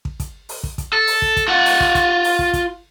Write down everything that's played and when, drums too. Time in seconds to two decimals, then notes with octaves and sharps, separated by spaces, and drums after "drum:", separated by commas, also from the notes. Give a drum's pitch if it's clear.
0.05 drum: kick
0.20 drum: kick, hi-hat
0.49 drum: open hi-hat
0.63 drum: kick
0.78 drum: kick, hi-hat
0.93 A4
1.07 drum: open hi-hat
1.22 drum: kick
1.37 drum: kick, hi-hat
1.48 F4 F#5
1.66 drum: open hi-hat
1.80 drum: kick
1.95 drum: kick, hi-hat
2.24 drum: open hi-hat
2.39 drum: kick
2.53 drum: kick, hi-hat